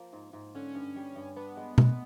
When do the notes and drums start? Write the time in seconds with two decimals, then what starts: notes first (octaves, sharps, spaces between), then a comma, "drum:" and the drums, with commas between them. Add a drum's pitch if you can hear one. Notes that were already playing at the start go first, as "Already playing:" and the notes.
Already playing: F3 A#3
0.13 G#2
0.33 G#2
0.55 D3 C#4
0.75 G2
0.96 G3
1.16 G2
1.36 B3 D4
1.57 G#3
1.78 G#3, drum: tom B2